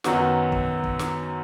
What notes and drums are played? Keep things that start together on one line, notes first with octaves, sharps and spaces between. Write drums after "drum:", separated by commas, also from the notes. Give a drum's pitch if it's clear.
F#2 D#3 F#3 B3 F#4, drum: snare
drum: kick
drum: kick
drum: snare